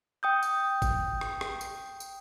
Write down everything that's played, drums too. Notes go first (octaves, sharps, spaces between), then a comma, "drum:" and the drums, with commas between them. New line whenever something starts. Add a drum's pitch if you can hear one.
G5 D#6 G6
drum: tambourine
drum: kick G#1, tambourine
drum: rim click
drum: rim click
drum: tambourine
drum: tambourine